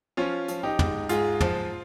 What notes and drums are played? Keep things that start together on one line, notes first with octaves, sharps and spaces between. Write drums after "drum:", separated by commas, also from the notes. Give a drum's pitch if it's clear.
F3 C#4 F4
F3, drum: hi-hat
D#4 G4
G#2, drum: tom
G#2 F4 G#4, drum: hi-hat
F3, drum: tom